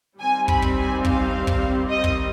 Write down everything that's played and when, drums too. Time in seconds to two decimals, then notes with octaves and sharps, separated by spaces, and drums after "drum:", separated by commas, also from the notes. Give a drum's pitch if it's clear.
0.20 D#3 G3 C4 G#5
0.48 B5, drum: kick
0.62 drum: kick
0.76 G#5
1.05 F5, drum: kick
1.47 drum: kick
1.89 D#5
2.04 drum: kick